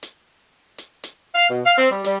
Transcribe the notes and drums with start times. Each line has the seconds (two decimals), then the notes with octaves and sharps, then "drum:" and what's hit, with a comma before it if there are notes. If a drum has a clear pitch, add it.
0.03 drum: hi-hat
0.78 drum: hi-hat
1.03 drum: hi-hat
1.34 F5
1.49 B2
1.65 F5
1.78 C4
1.90 G3
2.04 G3, drum: hi-hat